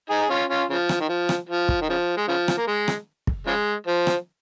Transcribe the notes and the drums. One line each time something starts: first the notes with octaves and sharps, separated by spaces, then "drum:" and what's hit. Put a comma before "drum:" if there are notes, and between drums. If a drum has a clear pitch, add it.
D#4 G#4
G#4
C#4 F4
C#4 F4
C#3 F3
drum: rim click
D#3
F3
drum: rim click
F3
drum: kick
D#3
C#3 F3
G#3
C#3 F3
drum: rim click
A#3
G#3
drum: rim click
drum: kick
C#3 F3 G#3
F3
drum: rim click